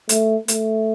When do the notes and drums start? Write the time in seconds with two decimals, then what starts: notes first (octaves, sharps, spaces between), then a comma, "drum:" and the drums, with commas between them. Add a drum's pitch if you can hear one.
0.09 A3, drum: hi-hat
0.48 A3, drum: hi-hat